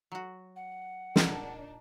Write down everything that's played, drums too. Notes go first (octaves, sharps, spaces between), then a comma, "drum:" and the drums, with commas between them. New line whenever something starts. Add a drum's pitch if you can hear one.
F#3 F#4
F#5
A#2 A#3 D4 D#4, drum: snare